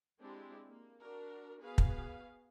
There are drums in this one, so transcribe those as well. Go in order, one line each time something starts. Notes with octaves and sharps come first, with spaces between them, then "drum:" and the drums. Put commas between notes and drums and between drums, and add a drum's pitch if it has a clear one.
G#3 C4 D4 E4 G4
A#3
D4 F#4 A#4
B3 F#4 G#4 B4 F5
drum: kick